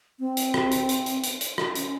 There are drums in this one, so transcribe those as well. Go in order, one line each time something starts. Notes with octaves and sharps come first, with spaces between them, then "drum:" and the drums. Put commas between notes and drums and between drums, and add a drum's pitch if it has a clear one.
C4
drum: hi-hat
drum: rim click
drum: hi-hat
drum: hi-hat
drum: hi-hat
drum: hi-hat
drum: hi-hat
drum: rim click
C#4, drum: hi-hat